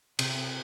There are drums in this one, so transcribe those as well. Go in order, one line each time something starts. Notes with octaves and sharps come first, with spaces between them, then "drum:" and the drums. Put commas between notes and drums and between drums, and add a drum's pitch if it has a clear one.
C3, drum: cymbal